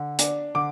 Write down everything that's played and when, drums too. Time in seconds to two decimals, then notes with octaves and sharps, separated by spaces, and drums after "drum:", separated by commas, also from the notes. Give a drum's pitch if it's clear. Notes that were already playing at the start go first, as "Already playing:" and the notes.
Already playing: D3
0.19 D4, drum: hi-hat
0.55 D3 D6